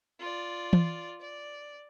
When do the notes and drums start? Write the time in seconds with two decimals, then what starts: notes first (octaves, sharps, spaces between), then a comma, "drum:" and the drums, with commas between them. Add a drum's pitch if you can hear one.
0.19 F4 D5
0.73 drum: tom E3
1.21 D5